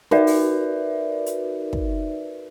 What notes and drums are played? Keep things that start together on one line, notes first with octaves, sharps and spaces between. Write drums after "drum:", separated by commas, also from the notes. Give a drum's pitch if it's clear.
D#4 F#4 A#4 B4 D5 E5, drum: snare
drum: open hi-hat
drum: hi-hat
drum: kick